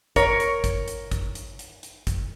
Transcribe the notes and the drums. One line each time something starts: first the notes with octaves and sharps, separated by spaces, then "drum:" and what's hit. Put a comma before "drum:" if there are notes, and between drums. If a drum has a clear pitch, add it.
A#4 C#5, drum: kick, hi-hat
drum: hi-hat
drum: kick, hi-hat
drum: hi-hat
drum: kick, hi-hat
drum: hi-hat
drum: hi-hat
drum: hi-hat
drum: kick, hi-hat